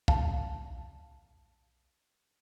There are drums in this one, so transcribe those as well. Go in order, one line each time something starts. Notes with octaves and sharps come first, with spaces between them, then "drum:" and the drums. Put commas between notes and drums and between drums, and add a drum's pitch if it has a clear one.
F5 A5, drum: kick B1